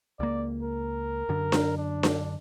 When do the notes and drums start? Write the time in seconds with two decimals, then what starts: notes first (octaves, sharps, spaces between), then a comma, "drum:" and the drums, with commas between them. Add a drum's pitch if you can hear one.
0.20 C#2 A#3 D5
0.63 A#4
1.29 F#2 D3
1.52 drum: snare D4
1.78 D4
2.03 drum: snare D4